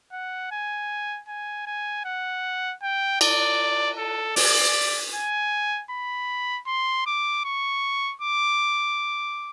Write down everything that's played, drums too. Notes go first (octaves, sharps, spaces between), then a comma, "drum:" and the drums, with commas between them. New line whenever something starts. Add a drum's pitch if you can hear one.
F#5
G#5
G#5
G#5
F#5
G5
D5, drum: cymbal
A4
D5, drum: open hi-hat
G#5
B5
C6
D6
C#6
D6